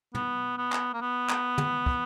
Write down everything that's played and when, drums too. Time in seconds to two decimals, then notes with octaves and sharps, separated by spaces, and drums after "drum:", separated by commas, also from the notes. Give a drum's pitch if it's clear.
0.15 B3, drum: tom
0.58 B3
0.72 drum: clap
0.93 A#3
1.01 B3
1.29 drum: clap
1.58 drum: tom
1.86 drum: kick